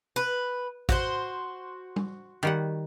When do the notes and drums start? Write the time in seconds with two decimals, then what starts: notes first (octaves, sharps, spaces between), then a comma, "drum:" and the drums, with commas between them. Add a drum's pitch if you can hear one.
0.16 B4
0.89 F#4 G4 C5, drum: kick A1
1.96 drum: tom
2.43 D#3 G3 F#5